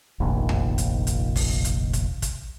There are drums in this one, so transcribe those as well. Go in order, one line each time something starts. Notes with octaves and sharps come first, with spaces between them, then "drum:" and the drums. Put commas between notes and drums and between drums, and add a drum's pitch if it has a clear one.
F1 A#1 D#2
drum: tom E2
drum: hi-hat
drum: hi-hat
drum: kick, open hi-hat
drum: hi-hat
drum: kick, hi-hat
drum: kick, hi-hat